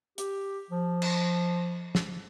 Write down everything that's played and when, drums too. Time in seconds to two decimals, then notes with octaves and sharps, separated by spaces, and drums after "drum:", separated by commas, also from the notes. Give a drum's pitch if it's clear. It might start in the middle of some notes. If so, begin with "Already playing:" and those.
0.18 G4, drum: hi-hat
0.70 F3
1.02 drum: cymbal
1.95 drum: snare